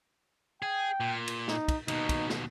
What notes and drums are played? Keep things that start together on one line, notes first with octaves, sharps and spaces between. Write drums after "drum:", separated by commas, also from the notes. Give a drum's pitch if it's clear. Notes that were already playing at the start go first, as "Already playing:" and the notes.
G#4 G5
A#2
drum: cymbal
D#4, drum: snare
drum: kick, cymbal
D#2 B2 D#4, drum: cymbal
drum: kick, cymbal
drum: snare